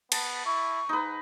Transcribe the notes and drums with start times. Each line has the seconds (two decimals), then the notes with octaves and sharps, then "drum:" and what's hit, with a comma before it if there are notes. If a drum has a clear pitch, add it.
0.12 B3 A5, drum: cymbal
0.46 E4 C#6
0.89 G#2 D#4 B4